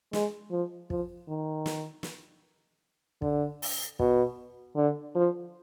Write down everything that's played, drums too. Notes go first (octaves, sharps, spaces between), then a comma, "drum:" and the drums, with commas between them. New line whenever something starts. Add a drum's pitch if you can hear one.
G#3, drum: snare
F3
F3, drum: kick
D#3
drum: snare
drum: snare
D3, drum: kick
drum: open hi-hat
B2, drum: kick
D3
F3